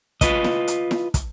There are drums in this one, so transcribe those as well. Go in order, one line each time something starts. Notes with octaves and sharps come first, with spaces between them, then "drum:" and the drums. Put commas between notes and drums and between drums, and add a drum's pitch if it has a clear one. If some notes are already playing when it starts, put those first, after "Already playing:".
F4 B4 D#5, drum: kick, hi-hat
drum: snare E4
drum: hi-hat
drum: snare E4
drum: kick, hi-hat